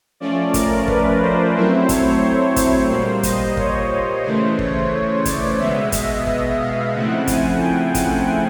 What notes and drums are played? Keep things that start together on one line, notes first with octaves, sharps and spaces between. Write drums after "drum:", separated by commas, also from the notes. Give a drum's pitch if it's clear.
F3 A3 C#4 D5
A#4, drum: kick, hi-hat
B4, drum: kick
C5
F#3 A3 C4 E4
C#5, drum: kick, hi-hat
C5
drum: kick, hi-hat
A#2 G3 A#3 C5
D#5, drum: kick, hi-hat
C#5, drum: kick
C#3 E3 A3 C5
C#5, drum: kick
D5, drum: kick, hi-hat
B2 G#3 B3 E5
D#5, drum: kick, hi-hat
D#5, drum: kick
F5
C#3 F3 A3 C4 E4 F#5
G#5, drum: kick, hi-hat
G5
F#5, drum: kick, hi-hat